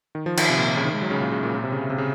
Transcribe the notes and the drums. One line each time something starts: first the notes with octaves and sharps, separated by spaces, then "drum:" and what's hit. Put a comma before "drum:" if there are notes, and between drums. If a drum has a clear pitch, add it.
D#3
F3
D#3, drum: cymbal
C3
A#2
C3
C#3
D#3
G#3
F#3
C#3
A#2
C#3
A#2
A#2
C3
C#3
C3
C#3